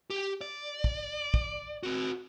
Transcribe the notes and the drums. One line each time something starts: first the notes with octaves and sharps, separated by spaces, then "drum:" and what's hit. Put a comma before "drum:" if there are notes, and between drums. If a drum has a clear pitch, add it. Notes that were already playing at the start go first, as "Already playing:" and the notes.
G4
D5
drum: kick
drum: kick
C4 F#4